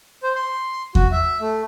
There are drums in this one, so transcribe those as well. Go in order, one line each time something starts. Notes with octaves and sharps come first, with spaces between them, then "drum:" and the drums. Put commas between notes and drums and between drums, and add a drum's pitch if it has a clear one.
C5
C6
F#4, drum: kick E2
E5
A3